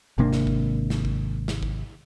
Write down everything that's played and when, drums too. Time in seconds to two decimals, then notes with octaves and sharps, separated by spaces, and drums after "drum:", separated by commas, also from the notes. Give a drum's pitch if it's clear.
0.18 G#1 C3 A#3 D4
0.33 drum: snare
0.47 drum: kick
0.90 drum: snare
1.05 drum: kick
1.48 drum: snare
1.63 drum: kick